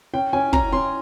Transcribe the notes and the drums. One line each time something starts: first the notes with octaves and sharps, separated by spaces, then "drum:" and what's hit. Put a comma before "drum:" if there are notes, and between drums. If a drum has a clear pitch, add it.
C#4 G5
C#4 G#5
C#4 A#5, drum: kick
C#4 C6